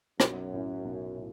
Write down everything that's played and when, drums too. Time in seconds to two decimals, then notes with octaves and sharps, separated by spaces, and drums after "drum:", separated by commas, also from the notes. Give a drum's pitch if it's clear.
0.20 B1 F#2, drum: rim click
0.52 A2 F#3 C#4
0.85 B1
1.18 A2